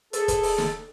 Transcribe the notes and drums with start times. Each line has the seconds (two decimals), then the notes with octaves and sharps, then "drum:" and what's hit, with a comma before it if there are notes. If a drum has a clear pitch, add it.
0.13 G#4 A4, drum: hi-hat
0.28 drum: kick, hi-hat
0.43 drum: open hi-hat
0.58 drum: snare